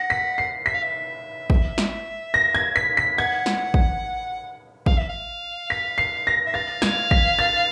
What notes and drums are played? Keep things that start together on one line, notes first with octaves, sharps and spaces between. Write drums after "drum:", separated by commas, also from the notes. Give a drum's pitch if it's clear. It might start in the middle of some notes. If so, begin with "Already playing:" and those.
Already playing: F#5 A#6
B6
C7
E5 B6
F5
E5
drum: kick
drum: snare
A#6
G#6
B6
B6
F#5 G#6
drum: snare
drum: kick
F5, drum: kick
E5
F5
B6
C7
A#6
E5
F5 A6
G#6, drum: snare
B6, drum: kick
A6